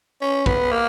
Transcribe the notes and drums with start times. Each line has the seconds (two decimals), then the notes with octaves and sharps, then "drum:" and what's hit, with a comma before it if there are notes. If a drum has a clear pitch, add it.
0.22 C#4
0.46 B3, drum: kick
0.72 A#3